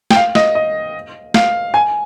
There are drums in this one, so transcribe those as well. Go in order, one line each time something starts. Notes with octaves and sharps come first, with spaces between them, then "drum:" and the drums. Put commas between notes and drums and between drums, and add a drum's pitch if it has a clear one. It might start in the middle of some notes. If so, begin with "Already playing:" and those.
G5, drum: snare
F5
D#5, drum: snare
D#5
F5, drum: snare
G#5